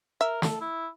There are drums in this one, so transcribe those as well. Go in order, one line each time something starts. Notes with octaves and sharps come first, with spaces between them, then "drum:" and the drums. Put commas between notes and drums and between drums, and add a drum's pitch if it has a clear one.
A#4 E5
A4, drum: snare
E4